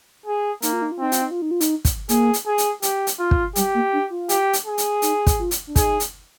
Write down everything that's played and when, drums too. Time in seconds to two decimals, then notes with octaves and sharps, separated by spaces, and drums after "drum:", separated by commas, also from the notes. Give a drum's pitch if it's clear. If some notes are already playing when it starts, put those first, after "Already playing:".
0.26 G#4
0.62 A#3 D#4, drum: hi-hat
0.73 F4
0.82 D#4
0.92 F4
0.99 C4 D#4
1.12 F4, drum: hi-hat
1.22 D#4
1.31 F4
1.42 D#4
1.51 F4
1.61 D#4, drum: hi-hat
1.85 drum: kick, hi-hat
2.09 A#3 G#4, drum: hi-hat
2.33 drum: hi-hat
2.46 G#4
2.58 drum: hi-hat
2.82 G4, drum: hi-hat
3.07 drum: hi-hat
3.19 F4
3.31 drum: kick
3.56 G3 G4, drum: hi-hat
3.74 A#3
3.93 D4
4.10 F4
4.29 G4, drum: hi-hat
4.53 drum: hi-hat
4.66 G#4
4.78 drum: hi-hat
5.02 D#4, drum: hi-hat
5.27 drum: kick, hi-hat
5.39 F4
5.51 drum: hi-hat
5.67 D4
5.76 D#4 G#4, drum: kick, hi-hat
6.00 drum: hi-hat